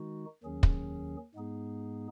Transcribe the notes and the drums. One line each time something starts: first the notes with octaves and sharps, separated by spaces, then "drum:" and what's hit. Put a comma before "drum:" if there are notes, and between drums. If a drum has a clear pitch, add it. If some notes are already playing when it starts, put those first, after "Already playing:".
Already playing: D#3 G#3 D#4 F#4
D#2 D#3 F#3 C#4 G#4
drum: kick
G#2 G#3 B3 D#4 G#4